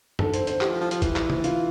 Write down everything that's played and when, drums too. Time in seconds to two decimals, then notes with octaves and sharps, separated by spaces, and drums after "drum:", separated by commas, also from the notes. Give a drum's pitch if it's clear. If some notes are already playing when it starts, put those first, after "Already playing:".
0.19 D3 A4, drum: tom
0.34 C5, drum: hi-hat
0.47 C5, drum: hi-hat
0.61 E3 G4, drum: clap
0.71 F3
0.81 F3
0.91 F3, drum: hi-hat
1.02 E3, drum: kick, hi-hat
1.16 drum: clap
1.30 drum: tom C3
1.44 F4, drum: hi-hat